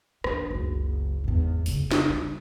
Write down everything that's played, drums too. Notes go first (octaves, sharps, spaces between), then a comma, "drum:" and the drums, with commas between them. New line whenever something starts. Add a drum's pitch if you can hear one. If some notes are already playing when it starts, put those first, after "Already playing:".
E3 D4, drum: rim click
F#1 C#2
E2 G#2
F1 C#3, drum: open hi-hat
drum: snare
G3